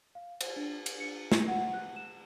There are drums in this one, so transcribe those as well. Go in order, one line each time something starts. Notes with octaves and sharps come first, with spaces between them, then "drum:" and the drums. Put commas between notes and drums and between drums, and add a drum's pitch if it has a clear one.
F5
C5, drum: cymbal
D4
drum: cymbal
C#7
drum: snare
F#5
F#6
E7